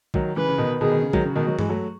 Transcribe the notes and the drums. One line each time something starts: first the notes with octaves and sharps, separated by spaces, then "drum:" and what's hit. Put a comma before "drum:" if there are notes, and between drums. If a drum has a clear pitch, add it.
D#3 F#3, drum: kick
C#3 E3 B4
C#3
B2 D#3
B2 D#3 G#4
B2 D#3
C#3
D#3 F#3, drum: kick
C#3 F#4
B2 D#3
D#3 F#3
E3 G#3, drum: tom G2
F#3 A3